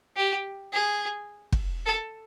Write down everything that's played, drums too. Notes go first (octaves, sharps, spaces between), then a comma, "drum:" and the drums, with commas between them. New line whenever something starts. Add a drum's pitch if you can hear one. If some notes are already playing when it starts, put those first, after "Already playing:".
G4
G#4
drum: kick
A4